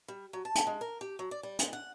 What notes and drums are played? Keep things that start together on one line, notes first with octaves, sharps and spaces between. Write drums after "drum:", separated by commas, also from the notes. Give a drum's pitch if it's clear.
G3
F#3
A5
drum: hi-hat
G#3
A#4
G4
F#3
D5
G3
G#3, drum: hi-hat
F#5